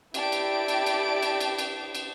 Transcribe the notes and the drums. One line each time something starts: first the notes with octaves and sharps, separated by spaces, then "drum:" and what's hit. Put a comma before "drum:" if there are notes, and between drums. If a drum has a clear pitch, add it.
E4 G4 D5 A5 D7, drum: cymbal
drum: cymbal
drum: cymbal
drum: cymbal
drum: cymbal
drum: cymbal
drum: cymbal
drum: cymbal